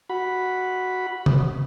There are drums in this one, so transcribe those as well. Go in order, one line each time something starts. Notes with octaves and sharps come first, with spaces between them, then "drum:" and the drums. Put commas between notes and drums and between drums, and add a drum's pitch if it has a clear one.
F#4 B5
drum: tom